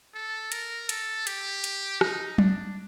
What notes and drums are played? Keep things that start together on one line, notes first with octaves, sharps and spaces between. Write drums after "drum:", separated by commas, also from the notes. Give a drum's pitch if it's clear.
A4
A#4, drum: hi-hat
A4, drum: hi-hat
G4, drum: hi-hat
drum: hi-hat
D#4, drum: rim click
D4, drum: tom F#3